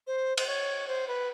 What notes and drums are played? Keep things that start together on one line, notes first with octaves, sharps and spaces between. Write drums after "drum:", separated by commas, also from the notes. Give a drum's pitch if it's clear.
C5
C5, drum: cymbal
C#5
C5
B4